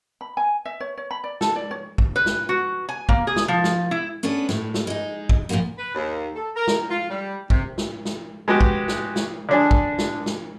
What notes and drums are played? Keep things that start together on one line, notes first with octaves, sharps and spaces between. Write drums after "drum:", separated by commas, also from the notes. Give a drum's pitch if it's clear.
B5
G#5
E5
C#5
C#5
B5
D5
A4, drum: snare
D5
C#5
drum: kick
B4
drum: snare
F#4
G#5
A#3, drum: kick
G#4
drum: snare
F3
drum: snare
E4
B3 C#4 D4 A4 B4
A2, drum: snare
drum: snare
G#3 D#4
drum: kick
A#2 F3 F#3 A#3 B3
B4
D#2
A4
A#4
drum: snare
F4
G3
C3, drum: kick
drum: snare
drum: snare
G#3 B3 F#4 G4
drum: kick
drum: snare
drum: snare
D3 D4 G#4
drum: kick
drum: snare
drum: snare